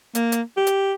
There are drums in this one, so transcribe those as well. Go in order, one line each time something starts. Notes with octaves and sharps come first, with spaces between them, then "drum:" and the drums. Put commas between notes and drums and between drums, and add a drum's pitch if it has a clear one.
A#3, drum: hi-hat
drum: hi-hat
G4
drum: hi-hat